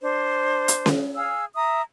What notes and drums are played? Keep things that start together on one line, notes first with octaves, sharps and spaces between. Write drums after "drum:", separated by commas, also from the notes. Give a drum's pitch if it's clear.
D4 C5
drum: hi-hat
drum: snare C#4
G#4 F5 G#5 E6
E5 A#5 D#6